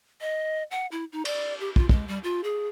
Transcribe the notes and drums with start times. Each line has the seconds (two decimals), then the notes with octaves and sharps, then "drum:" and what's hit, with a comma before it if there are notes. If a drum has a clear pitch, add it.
0.21 D#5
0.71 F#5
0.91 E4
1.12 D#4
1.25 D5, drum: cymbal
1.60 G4
1.76 F4, drum: kick
1.89 G#3, drum: kick
2.08 G3
2.24 F4
2.43 G#4